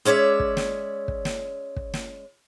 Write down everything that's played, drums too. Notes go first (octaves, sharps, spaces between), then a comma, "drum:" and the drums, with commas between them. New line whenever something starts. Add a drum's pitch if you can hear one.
G#3 C#4 C#5 D5 E5
drum: kick
drum: snare
drum: kick
drum: snare
drum: kick
drum: snare